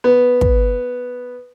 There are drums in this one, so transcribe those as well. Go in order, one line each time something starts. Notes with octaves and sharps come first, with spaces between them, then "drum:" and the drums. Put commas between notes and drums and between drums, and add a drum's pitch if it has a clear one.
B3
drum: kick